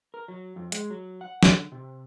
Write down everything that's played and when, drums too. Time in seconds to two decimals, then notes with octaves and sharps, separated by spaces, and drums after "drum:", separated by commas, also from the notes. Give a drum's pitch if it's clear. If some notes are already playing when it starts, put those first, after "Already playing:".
0.14 A#4
0.28 F#3
0.56 F2
0.72 G#3, drum: hi-hat
0.90 F#3
1.21 F#5
1.43 D3, drum: snare
1.72 C3